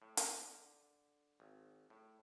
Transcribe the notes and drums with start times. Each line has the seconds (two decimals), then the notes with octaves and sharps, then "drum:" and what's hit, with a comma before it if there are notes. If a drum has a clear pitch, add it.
0.02 A2
0.17 D3, drum: hi-hat
1.40 G#1
1.90 A2